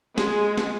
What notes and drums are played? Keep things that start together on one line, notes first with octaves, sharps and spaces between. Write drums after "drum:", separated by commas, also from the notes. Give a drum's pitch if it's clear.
G#3, drum: snare
drum: snare